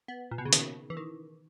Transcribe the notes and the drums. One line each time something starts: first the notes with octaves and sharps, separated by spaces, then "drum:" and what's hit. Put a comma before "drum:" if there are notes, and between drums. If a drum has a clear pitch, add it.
B3
A#2
B2
C#3
D#3, drum: hi-hat
E3
D#3